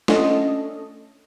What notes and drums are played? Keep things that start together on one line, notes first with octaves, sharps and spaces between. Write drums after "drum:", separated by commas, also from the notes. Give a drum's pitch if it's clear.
A3 C#4 D4 A4 D#5, drum: snare